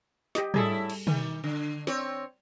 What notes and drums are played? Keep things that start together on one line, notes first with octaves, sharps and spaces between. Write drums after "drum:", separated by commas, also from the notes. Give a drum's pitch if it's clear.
G4 D#5, drum: snare
A2 G3 E4 G#4 A4, drum: tom
drum: cymbal
D#3, drum: tom
D3
C4 C#5, drum: snare